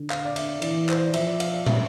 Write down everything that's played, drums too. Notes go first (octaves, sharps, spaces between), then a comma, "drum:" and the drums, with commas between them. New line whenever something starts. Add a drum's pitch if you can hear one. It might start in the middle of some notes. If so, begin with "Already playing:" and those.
Already playing: D3
F5, drum: clap
D5
E5, drum: cymbal
E3 D5, drum: cymbal
C5, drum: clap
D5
F3 E5, drum: cymbal
D5
F5, drum: cymbal
D5
E5, drum: tom